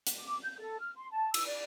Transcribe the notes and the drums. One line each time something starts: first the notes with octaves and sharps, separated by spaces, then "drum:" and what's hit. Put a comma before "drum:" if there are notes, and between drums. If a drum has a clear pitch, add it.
drum: hi-hat
D6
G6
A4
F6
C6
A5
E6, drum: cymbal
D5